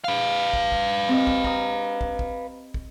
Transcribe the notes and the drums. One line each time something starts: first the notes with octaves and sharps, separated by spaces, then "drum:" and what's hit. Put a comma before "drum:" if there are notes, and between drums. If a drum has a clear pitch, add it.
B4 F5
drum: kick
drum: kick
C4 G4 D#5
drum: kick
A#5 D#6, drum: kick
drum: kick
drum: kick
drum: kick